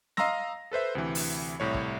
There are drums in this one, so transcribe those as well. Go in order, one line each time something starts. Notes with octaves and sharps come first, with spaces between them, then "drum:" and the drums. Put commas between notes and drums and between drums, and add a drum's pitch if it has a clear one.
D#5 F5 A#5 C6 E6 A#6, drum: snare
A4 B4 C5 E5
D2 C3 E3
drum: open hi-hat
C2 A2 C#5
drum: kick